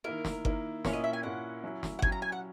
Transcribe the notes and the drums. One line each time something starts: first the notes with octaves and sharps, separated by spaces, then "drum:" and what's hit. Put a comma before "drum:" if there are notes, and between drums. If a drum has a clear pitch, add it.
D#3 A#3 E4 A#4
drum: snare
D#3 A#3 E4, drum: kick G1
A#2 A#3 C#4 E4 C#5, drum: snare
D#5
E5
G#5
A#2 A#3 C#4 E4 F#5
F#3 C#4 E4
drum: snare
F#5
F#3 C#4 E4 G#5, drum: kick G1
A#5
G#5
F#5